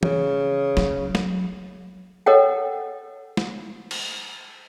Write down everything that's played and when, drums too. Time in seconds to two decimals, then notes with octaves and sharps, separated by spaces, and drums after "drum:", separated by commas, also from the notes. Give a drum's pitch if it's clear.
0.03 C#3, drum: tom
0.77 F#3, drum: snare
1.15 drum: snare
2.26 A4 A#4 C#5 D#5 F#5 G5
3.37 drum: snare
3.91 drum: cymbal